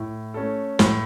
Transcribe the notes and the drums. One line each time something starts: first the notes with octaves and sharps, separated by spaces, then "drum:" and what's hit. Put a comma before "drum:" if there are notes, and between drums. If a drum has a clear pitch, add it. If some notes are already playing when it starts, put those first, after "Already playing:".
Already playing: A2
A3 C#4 A4
A2, drum: snare